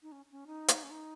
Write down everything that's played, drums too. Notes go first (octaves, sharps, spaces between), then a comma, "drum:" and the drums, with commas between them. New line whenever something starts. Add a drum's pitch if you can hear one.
D#4
C#4
C#4
D#4
drum: hi-hat
C#4
D#4